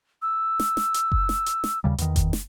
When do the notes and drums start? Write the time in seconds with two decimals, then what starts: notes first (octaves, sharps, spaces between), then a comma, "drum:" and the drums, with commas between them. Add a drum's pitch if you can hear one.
0.22 E6
0.60 drum: snare
0.77 drum: snare
0.94 drum: hi-hat
1.12 drum: kick F#1
1.29 drum: snare
1.46 drum: hi-hat
1.64 drum: snare
1.84 D#2 C#3 G3
1.98 E2 D#3, drum: hi-hat
2.16 drum: kick F#1, hi-hat
2.33 drum: snare